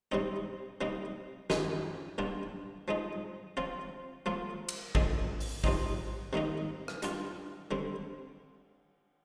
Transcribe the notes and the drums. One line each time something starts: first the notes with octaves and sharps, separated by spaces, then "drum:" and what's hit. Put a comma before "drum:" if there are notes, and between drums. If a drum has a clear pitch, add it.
C3 G3 C4 D#4
C3 G3 A#3 D#4
D#3 G#3 D#4, drum: snare
A#2 G3 D4 F4
F3 G#3 D#4
F3 C4 F4
F3 A#3 F4
drum: cymbal
D3 F3 G#3 C4, drum: kick A1
drum: open hi-hat
C3 F3 C4 D#4, drum: kick A1
C3 D#3 A#3 D#4
drum: rim click
G3 D4 F4, drum: hi-hat
D3 G3 C4